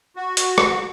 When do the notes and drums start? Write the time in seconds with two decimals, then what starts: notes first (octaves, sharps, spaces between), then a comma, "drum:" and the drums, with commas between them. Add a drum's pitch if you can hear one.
0.16 F#4
0.37 drum: hi-hat
0.58 drum: rim click